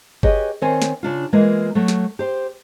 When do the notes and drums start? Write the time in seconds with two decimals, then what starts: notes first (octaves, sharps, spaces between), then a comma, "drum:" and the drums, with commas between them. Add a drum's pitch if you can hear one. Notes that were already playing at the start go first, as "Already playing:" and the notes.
0.23 G4 G#4 B4 C#5 D#5, drum: kick G1
0.62 D#3 C4 C5 C#5 G#5
0.82 drum: snare
1.03 C#3 D4 F4
1.33 E3 G#3 A#3 F4
1.75 F#3 A3
1.88 drum: snare
2.19 G4 C5